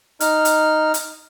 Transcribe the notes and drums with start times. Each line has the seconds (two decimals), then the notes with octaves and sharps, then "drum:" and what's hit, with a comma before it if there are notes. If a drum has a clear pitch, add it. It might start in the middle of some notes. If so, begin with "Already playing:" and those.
0.20 D#4 F6, drum: hi-hat
0.45 drum: hi-hat
0.94 drum: hi-hat